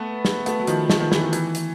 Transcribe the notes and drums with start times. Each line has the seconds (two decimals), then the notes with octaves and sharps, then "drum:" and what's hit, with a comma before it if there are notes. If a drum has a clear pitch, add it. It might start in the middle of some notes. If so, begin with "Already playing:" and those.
Already playing: A3 B3
0.25 drum: snare
0.46 A3 B3, drum: hi-hat
0.60 F#3
0.67 D#3 F3, drum: hi-hat
0.90 D#3 F3, drum: snare
1.00 D#3
1.12 E3, drum: snare
1.23 D#3
1.33 E3, drum: hi-hat
1.55 drum: hi-hat